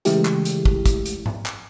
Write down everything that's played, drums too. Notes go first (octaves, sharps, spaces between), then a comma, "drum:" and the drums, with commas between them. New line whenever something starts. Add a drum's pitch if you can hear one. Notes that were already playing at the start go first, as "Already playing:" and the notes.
C#3 E3 G#3 A3 E4 G4, drum: hi-hat
drum: clap
drum: hi-hat
drum: kick
drum: kick, hi-hat
drum: hi-hat
drum: tom G#2
drum: clap